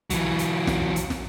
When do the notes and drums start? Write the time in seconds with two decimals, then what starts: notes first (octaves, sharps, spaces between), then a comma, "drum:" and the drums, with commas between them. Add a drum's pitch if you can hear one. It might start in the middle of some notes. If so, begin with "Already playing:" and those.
0.10 E3 F#3, drum: kick, hi-hat
0.39 drum: hi-hat
0.67 drum: snare
0.82 drum: kick
0.96 drum: hi-hat
1.10 drum: snare